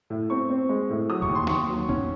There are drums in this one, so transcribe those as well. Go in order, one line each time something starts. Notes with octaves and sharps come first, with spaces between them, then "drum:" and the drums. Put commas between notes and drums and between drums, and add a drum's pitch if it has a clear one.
A2
C4 C#6
C4
G#3
A2
F#3 D#6
C#6, drum: kick
D#2
C6
D#2 C#6, drum: snare
F#3
C#4, drum: kick